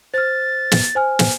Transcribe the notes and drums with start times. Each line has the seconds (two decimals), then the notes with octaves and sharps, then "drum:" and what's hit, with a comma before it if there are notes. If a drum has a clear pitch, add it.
0.14 C5 F6 A6
0.71 drum: snare
0.95 C5 G#5 F6
1.19 drum: snare